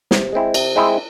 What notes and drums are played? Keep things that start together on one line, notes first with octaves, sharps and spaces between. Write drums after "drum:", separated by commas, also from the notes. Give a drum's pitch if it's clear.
C3, drum: snare
G#3 C4 E4
C3, drum: cymbal
G#3 C4 E4